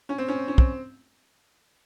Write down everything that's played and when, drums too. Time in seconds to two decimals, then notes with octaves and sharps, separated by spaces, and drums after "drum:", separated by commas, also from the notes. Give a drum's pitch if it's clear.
0.09 C#4
0.18 C4
0.28 C#4
0.48 C#4
0.58 C4, drum: kick